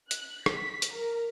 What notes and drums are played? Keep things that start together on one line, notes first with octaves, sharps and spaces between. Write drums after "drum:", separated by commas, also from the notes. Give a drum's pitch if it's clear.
F#6, drum: hi-hat
B6, drum: rim click
drum: hi-hat
A#4